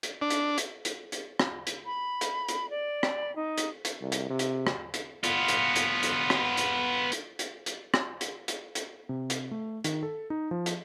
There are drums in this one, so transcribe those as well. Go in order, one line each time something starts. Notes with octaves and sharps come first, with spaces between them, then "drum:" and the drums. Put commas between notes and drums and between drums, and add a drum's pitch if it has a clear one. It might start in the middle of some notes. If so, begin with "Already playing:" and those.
drum: hi-hat
D4
drum: hi-hat
drum: hi-hat
drum: hi-hat
drum: hi-hat
drum: rim click
drum: hi-hat
B5
drum: hi-hat
drum: hi-hat
D5
drum: rim click
D#4
drum: hi-hat
drum: hi-hat
C2
drum: hi-hat
C3
drum: hi-hat
drum: rim click
drum: hi-hat
B3 F4, drum: hi-hat
drum: hi-hat
drum: hi-hat
drum: hi-hat
drum: rim click
drum: hi-hat
drum: hi-hat
drum: hi-hat
drum: hi-hat
drum: rim click
drum: hi-hat
drum: hi-hat
drum: hi-hat
C3
drum: hi-hat
A3
D#3, drum: hi-hat
A4
D#4
F3
drum: hi-hat